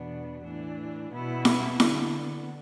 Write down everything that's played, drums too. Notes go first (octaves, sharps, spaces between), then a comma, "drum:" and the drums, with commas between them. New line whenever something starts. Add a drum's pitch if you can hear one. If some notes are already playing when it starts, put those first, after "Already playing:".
Already playing: E2 B2 B3 D4
A2 E3 D4
B2 B3 E4
drum: snare E4
D3 B3 D4, drum: snare E4